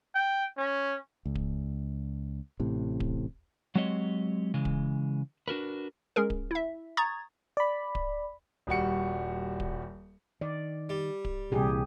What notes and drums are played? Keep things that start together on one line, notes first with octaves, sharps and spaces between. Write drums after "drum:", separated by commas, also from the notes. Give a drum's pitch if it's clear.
G5
C#4
C#2
drum: kick D1
A1 A2 C3
drum: kick D1
F#3 G#3 C4 G4 C#5 D#5
C#3 E3 G#3
drum: kick D1
D4 F#4 A#4 B4
G#3 C#4 G#4 A#4
drum: kick D1
E4 E5
A#5 C#6 D#6 G#6 A6
D5 B5
drum: kick D1
D#1 G3 F#4 C#7
drum: kick D1
D#3 D5
G3
drum: kick D1
C2 A#2 E3 G4 G#4